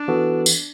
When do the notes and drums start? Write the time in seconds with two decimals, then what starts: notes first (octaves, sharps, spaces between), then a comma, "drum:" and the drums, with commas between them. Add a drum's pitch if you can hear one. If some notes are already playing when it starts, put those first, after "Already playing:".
Already playing: D4
0.08 E3 B3 F#4 A4
0.46 drum: tambourine